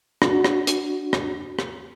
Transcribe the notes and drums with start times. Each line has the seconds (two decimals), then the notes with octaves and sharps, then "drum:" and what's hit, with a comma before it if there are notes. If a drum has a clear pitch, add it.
0.22 D4 F#4, drum: rim click
0.44 drum: rim click
0.67 drum: hi-hat
1.13 drum: rim click
1.59 drum: rim click